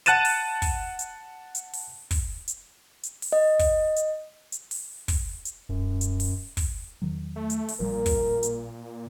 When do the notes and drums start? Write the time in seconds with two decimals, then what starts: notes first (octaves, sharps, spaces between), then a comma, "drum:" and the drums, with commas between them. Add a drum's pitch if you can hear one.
0.06 F#5 A5 F#6 A6 D#7 E7, drum: hi-hat
0.25 drum: open hi-hat
0.62 drum: kick, open hi-hat
0.99 drum: hi-hat
1.55 drum: hi-hat
1.73 drum: open hi-hat
2.11 drum: kick, open hi-hat
2.48 drum: hi-hat
3.04 drum: hi-hat
3.22 drum: open hi-hat
3.33 D#5
3.59 drum: kick, open hi-hat
3.97 drum: hi-hat
4.52 drum: hi-hat
4.71 drum: open hi-hat
5.08 drum: kick, open hi-hat
5.45 drum: hi-hat
5.69 D#1 F#2
6.01 drum: hi-hat
6.20 drum: open hi-hat
6.57 drum: kick, open hi-hat
7.02 E2 D#3 F#3
7.36 A3
7.50 drum: hi-hat
7.68 drum: open hi-hat
7.80 A1 A#2 F3 G3 A#4
8.06 drum: kick, open hi-hat
8.43 drum: hi-hat